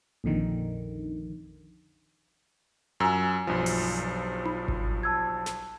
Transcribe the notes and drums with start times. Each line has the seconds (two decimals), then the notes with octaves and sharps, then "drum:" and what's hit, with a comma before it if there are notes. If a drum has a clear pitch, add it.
0.24 A#1 F2 D3 D#3
3.00 F#2 F4 G#5 A#5 E6
3.47 B1 G2 F3
3.66 drum: open hi-hat
4.45 B5, drum: tom D#4
4.68 drum: kick G#1
5.03 A5 E6 G#6
5.46 drum: snare